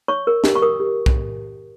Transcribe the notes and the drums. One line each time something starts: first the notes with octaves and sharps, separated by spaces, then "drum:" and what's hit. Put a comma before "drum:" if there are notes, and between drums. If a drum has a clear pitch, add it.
C#5 C#6
A#4
G4, drum: snare
C#6
A#4 D#6
G4
drum: kick B1